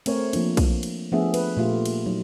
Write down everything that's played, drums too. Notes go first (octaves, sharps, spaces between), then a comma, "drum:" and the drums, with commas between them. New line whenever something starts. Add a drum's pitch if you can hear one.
A3 C4 A#4 C#5, drum: cymbal
F3 A#3 D4, drum: cymbal
drum: kick, cymbal
drum: cymbal
F3 A3 B3 D4 G#4 E5
B4, drum: cymbal
A#2 A3 F4 G4
drum: cymbal
F#3 D#4